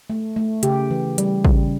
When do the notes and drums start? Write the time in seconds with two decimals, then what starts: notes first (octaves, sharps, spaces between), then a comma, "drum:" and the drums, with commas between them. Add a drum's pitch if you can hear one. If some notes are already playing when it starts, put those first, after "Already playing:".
0.10 A3
0.36 A3
0.63 C#3 G4, drum: hi-hat
0.91 E3
1.18 G3, drum: hi-hat
1.45 C#3, drum: kick